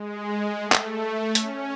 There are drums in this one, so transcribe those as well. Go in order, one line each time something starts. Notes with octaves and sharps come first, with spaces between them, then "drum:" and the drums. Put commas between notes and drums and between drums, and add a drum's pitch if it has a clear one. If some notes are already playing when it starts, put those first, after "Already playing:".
Already playing: G#3
A3
drum: clap
C#4, drum: hi-hat